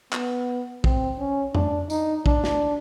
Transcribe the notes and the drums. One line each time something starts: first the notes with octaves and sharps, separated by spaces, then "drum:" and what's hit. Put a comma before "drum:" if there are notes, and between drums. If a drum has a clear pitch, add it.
B3, drum: clap
C4, drum: kick
C#4
D4, drum: tom F2
D#4, drum: tambourine
D4, drum: kick
drum: snare